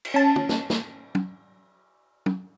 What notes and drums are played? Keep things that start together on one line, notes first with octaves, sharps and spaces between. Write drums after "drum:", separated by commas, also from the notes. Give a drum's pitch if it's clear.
drum: cymbal
C#4 A5
drum: tom
drum: snare
drum: snare
drum: tom
drum: tom